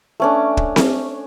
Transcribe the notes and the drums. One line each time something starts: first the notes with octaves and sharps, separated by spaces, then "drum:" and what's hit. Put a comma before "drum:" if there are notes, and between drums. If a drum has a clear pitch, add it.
A3 C#4 D4
drum: kick
drum: snare C4